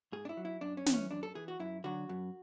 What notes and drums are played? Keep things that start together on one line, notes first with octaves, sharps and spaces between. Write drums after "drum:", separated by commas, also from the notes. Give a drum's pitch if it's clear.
G#2 G#4
D4
E4
F#3
E4
F#2 D4
C#4
E3, drum: snare
C#4
F#2 D4
A4
E3 G#4
F#4
F#2 E4
D3 F#3 F#4
F#2